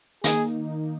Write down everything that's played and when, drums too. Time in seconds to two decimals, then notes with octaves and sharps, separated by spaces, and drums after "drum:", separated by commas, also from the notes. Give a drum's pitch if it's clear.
0.24 D#3 A#3 D#4 G#4, drum: hi-hat